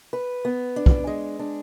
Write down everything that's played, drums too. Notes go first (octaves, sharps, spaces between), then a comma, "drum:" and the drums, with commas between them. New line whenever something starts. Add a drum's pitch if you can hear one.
B4
B3
D4
drum: kick
G#3
D4